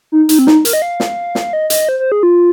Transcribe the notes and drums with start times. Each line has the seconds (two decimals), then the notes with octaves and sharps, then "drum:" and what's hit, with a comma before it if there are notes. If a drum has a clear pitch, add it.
0.12 D#4
0.29 D#4, drum: hi-hat
0.39 C4
0.47 D#4, drum: snare
0.65 A#4, drum: hi-hat
0.73 D#5
0.82 F5
1.00 drum: snare
1.35 drum: snare
1.53 D#5
1.70 D#5, drum: hi-hat
1.89 C5
1.99 C5
2.12 G#4
2.23 F4